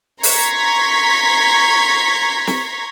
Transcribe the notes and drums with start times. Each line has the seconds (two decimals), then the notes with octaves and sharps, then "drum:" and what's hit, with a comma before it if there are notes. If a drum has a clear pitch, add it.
0.23 A#5 C6 C#6 G#6 B6, drum: open hi-hat
2.47 drum: snare